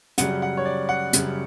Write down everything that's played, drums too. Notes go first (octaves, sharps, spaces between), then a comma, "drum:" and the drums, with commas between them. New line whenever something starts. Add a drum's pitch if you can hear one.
F#2 C#3 G3 F#5, drum: hi-hat
F#5
C#5
D5
F#5
F#2 C#3 G3, drum: hi-hat